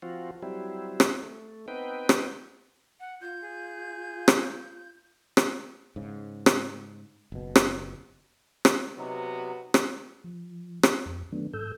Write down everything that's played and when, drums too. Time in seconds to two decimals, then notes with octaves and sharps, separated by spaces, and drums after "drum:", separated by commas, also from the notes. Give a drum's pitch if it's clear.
0.02 F3 C4 F4 F#4
0.42 F#3 G3 C4 E4
1.00 drum: rim click
1.23 A3
1.68 B3 C4 D#4 B4 G5
2.09 drum: rim click
3.00 F#5
3.21 F4 G6
3.42 G#4
4.28 drum: rim click
5.37 drum: rim click
5.96 G#2 C#3
6.46 drum: rim click
7.32 F#1 B2
7.56 drum: rim click
8.65 drum: rim click
8.97 C3 F#3 B3 D#4 F#4
9.74 drum: rim click
10.24 F3
10.83 drum: rim click
11.06 F2
11.32 D#3 F#3 A3 B3 D4
11.53 G#2 A4 E6 G6